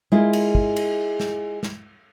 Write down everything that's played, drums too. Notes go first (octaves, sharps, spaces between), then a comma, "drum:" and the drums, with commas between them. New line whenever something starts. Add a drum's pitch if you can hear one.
G#3 E4 F4 G#4 A#4
drum: cymbal
drum: kick
drum: cymbal
drum: snare
drum: snare